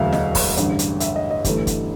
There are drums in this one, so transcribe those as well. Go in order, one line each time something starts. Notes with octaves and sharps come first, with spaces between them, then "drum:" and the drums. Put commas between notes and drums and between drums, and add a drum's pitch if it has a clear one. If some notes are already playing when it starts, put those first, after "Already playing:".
Already playing: E1 D2 D3 F#3 A#3 E5 F5
D#5, drum: snare
drum: kick, open hi-hat
A1 G2 D3, drum: hi-hat
drum: hi-hat
E5, drum: hi-hat
D#5
D#5
G1 G2 E3 A3, drum: kick, hi-hat
drum: kick, hi-hat